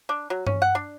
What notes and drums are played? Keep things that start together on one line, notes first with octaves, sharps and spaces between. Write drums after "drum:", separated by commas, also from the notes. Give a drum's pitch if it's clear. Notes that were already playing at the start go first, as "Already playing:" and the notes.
D4
F#3
C#4, drum: tom G2
F#5
D4